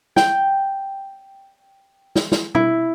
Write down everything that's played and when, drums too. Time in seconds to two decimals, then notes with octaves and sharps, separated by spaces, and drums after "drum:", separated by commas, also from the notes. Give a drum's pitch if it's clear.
0.16 G5, drum: snare
2.15 drum: snare
2.32 drum: snare
2.55 E4, drum: tom B2